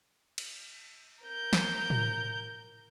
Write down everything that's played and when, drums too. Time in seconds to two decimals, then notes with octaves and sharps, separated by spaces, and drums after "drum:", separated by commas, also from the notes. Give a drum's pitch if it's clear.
0.38 drum: cymbal
1.23 A#4 G6
1.53 drum: snare
1.90 drum: tom A2